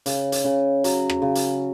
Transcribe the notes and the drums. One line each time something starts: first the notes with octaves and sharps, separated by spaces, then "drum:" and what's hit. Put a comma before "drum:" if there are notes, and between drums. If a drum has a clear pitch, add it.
C#3, drum: hi-hat
drum: hi-hat
C#3
F#3, drum: hi-hat
drum: rim click
C#3
drum: hi-hat